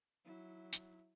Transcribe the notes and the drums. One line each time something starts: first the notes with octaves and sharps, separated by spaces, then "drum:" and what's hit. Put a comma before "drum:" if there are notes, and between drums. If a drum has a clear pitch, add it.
F#3 E4
drum: hi-hat